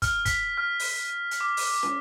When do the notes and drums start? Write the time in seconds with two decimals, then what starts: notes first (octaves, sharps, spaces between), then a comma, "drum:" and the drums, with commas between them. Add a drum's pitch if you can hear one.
0.02 F6, drum: kick, hi-hat
0.25 B6, drum: kick, hi-hat
0.57 F6
0.79 drum: open hi-hat
1.31 drum: hi-hat
1.41 D6
1.57 drum: open hi-hat
1.83 drum: snare